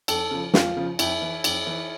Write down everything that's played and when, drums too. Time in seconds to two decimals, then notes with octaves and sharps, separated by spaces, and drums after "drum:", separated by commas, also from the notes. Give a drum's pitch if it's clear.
0.08 F2 A4, drum: cymbal
0.31 C#3 F3
0.54 F2 F4, drum: snare
0.76 C#3 F3
0.99 F2 E4, drum: cymbal
1.22 E3
1.44 F2, drum: cymbal
1.67 E3